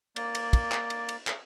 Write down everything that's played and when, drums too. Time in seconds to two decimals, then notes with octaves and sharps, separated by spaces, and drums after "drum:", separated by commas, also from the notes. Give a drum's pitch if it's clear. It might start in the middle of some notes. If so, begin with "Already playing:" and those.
0.16 A#3 D5, drum: cymbal
0.35 drum: cymbal
0.53 drum: kick, cymbal
0.72 drum: clap
0.90 drum: cymbal
1.09 drum: cymbal
1.27 drum: clap